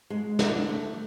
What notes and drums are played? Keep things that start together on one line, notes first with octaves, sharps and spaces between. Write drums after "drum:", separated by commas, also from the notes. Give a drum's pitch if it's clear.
G#3
D3, drum: snare
A3